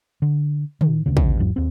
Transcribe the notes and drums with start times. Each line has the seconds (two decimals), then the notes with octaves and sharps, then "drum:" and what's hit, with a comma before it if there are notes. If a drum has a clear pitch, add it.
0.22 D3
0.81 D#3, drum: tom
1.06 E1 D2 C#3
1.17 drum: kick A1
1.39 E2 G#2 F#3
1.56 D#2 C4